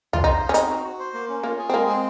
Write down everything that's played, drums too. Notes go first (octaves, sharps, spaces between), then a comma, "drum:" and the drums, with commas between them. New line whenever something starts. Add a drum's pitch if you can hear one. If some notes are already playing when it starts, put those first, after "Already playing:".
F4, drum: tom
D#4 C5
D#5
C#4
C4 D#4, drum: hi-hat
F#4
F#4
C5
A#3
C#4
A#3 F4
G#4
C4
G#3 A#3
C4